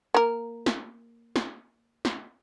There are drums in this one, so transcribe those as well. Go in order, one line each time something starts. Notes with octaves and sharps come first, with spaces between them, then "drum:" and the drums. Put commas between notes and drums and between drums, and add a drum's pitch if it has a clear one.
A#3 A#4
drum: snare
drum: snare
drum: snare